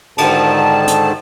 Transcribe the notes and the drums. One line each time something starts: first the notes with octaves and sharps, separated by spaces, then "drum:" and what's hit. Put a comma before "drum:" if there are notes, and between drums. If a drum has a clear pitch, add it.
G#2 D3 D#3 A5, drum: cymbal
drum: hi-hat